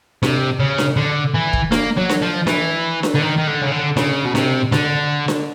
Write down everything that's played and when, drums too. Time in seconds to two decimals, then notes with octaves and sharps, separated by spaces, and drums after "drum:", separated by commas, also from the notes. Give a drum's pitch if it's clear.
0.23 C3, drum: snare D4
0.60 C#3
0.78 drum: snare D4
0.97 D3
1.34 E3
1.53 drum: kick
1.72 A#3, drum: snare D4
1.97 F#3
2.09 drum: snare D4
2.22 F3
2.47 E3, drum: snare D4
3.03 drum: snare D4
3.15 D3
3.21 D#3
3.37 D#3
3.47 D3
3.61 C#3
3.72 D3
3.97 C#3, drum: snare D4
4.25 B2
4.35 C3, drum: snare D4
4.72 D3, drum: snare D4
5.28 drum: snare D4